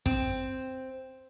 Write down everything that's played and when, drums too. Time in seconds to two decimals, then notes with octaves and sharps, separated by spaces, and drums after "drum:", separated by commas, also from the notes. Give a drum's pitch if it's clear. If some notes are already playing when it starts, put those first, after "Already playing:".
0.06 C4, drum: kick